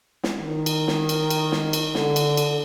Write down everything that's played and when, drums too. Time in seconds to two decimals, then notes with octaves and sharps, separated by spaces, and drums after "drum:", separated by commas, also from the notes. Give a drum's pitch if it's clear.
0.24 drum: snare
0.40 D#3
0.66 drum: cymbal
0.88 drum: snare
1.09 drum: cymbal
1.30 drum: cymbal
1.52 drum: snare
1.73 drum: cymbal
1.95 D3, drum: snare
2.16 drum: cymbal
2.37 drum: cymbal